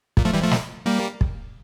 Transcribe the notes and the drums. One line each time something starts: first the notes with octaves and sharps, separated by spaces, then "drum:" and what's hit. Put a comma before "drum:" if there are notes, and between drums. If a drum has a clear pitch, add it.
A#2, drum: kick
F3 A3
E3 G3
F3 A3
drum: snare
G3 A#3
drum: kick